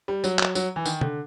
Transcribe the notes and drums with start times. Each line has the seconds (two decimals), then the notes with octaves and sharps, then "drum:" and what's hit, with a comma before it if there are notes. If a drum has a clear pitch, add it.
0.08 G3
0.24 F#3, drum: tambourine
0.39 drum: clap
0.55 F#3, drum: tambourine
0.76 E3
0.85 D#3, drum: tambourine
1.01 D3, drum: tom